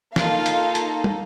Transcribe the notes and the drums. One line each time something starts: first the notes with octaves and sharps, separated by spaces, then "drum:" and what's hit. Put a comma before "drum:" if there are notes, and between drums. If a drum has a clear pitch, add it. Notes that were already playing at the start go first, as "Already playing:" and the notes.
A#3 D#4 F4 A4 F5, drum: snare
drum: hi-hat
drum: hi-hat
drum: tom